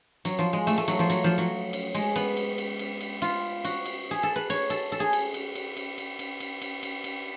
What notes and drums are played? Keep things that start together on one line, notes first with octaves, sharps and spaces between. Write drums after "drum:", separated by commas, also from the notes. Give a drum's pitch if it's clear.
F#3, drum: cymbal
F3
G#3
A3, drum: cymbal
A3
F#3, drum: cymbal
F3
F#3, drum: cymbal
F3
F#3
drum: cymbal
G#3, drum: cymbal
B3, drum: cymbal
drum: cymbal
drum: cymbal
drum: cymbal
drum: cymbal
F4, drum: cymbal
F#4, drum: cymbal
drum: cymbal
G#4
A4
B4
C#5, drum: cymbal
A4, drum: cymbal
A4
G#4
drum: cymbal
drum: cymbal
drum: cymbal
drum: cymbal
drum: cymbal
drum: cymbal
drum: cymbal
drum: cymbal
drum: cymbal
drum: cymbal